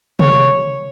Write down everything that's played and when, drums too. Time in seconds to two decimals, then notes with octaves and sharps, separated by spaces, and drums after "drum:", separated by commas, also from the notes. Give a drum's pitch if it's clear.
0.19 C#5, drum: tom C3